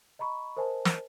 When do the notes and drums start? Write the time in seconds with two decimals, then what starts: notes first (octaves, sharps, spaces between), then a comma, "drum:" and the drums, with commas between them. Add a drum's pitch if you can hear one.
0.19 D#5 A#5 B5 C#6
0.57 A#4 C5 D#5 G#5 A5
0.85 drum: snare